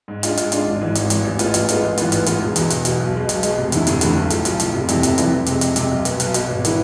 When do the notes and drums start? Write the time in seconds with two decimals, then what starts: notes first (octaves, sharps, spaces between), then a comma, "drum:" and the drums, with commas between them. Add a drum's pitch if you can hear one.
0.08 G#2
0.23 G#3 D4 F4, drum: hi-hat
0.37 G#2, drum: hi-hat
0.52 G#3 D4 F4, drum: hi-hat
0.67 G#1
0.81 G#2 E3
0.95 G#1, drum: hi-hat
1.10 G#2 E3, drum: hi-hat
1.24 A1
1.39 A2 G#3 B3 F4, drum: hi-hat
1.54 A1, drum: hi-hat
1.69 A2 G#3 B3 F4, drum: hi-hat
1.83 A1
1.98 G#2 E3 B3 F4, drum: hi-hat
2.12 A1, drum: hi-hat
2.26 G#2 E3 B3 F4, drum: hi-hat
2.41 E1
2.56 E2 B2, drum: hi-hat
2.70 E1, drum: hi-hat
2.85 E2 B2, drum: hi-hat
2.99 B1
3.14 B2 G#3
3.29 B1, drum: hi-hat
3.43 B2 G#3, drum: hi-hat
3.58 F1
3.72 E2 D3 A3 E4, drum: hi-hat
3.87 F1, drum: hi-hat
4.01 E2 D3 A3 E4, drum: hi-hat
4.16 B1
4.30 A2 F3, drum: hi-hat
4.45 B1, drum: hi-hat
4.60 A2 F3, drum: hi-hat
4.74 F1
4.89 F2 C3 E3, drum: hi-hat
5.03 F1, drum: hi-hat
5.18 F2 C3 E3, drum: hi-hat
5.32 F2
5.46 C3 G#3, drum: hi-hat
5.61 F2, drum: hi-hat
5.76 C3 G#3, drum: hi-hat
5.91 B1
6.05 B2 B3, drum: hi-hat
6.20 B1, drum: hi-hat
6.34 B2 B3, drum: hi-hat
6.49 G#1
6.65 E3 B3 E4, drum: hi-hat